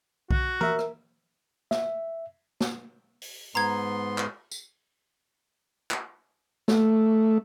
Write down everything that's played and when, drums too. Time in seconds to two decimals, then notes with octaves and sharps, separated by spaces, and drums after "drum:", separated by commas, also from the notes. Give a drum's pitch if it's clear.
0.31 F#4, drum: kick B1
0.61 A#4 E5, drum: tom E3
0.79 drum: rim click
1.71 E5, drum: snare
2.61 drum: snare
3.22 drum: open hi-hat
3.55 G#2 B3 A#5 C6 G#6
4.18 drum: clap
4.51 drum: tambourine
5.91 drum: clap
6.68 A3, drum: snare